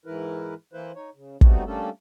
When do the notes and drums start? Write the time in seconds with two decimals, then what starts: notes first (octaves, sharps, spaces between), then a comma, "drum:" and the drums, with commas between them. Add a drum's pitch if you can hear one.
0.06 G#2 E3 E4 A#4 B4
0.73 E3 A#3 E4 B4 C5
0.95 D#4 C#5
1.15 C#3
1.41 G3 A3 B3 C4 D#4 F#4, drum: kick
1.65 G3 A3 A#3 C#4 D4 A4